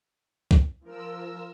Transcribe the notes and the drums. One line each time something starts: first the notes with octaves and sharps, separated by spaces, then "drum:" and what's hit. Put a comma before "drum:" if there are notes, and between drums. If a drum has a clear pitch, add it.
drum: kick
F3 A#4 E6